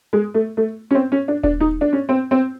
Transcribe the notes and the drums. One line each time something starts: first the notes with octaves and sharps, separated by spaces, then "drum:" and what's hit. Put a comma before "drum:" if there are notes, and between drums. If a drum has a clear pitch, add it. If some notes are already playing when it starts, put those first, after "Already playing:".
G#3
A3
A3
C#4
C4
C#4
D4
D4, drum: kick D#1
D#4
D4
C#4
C4
C4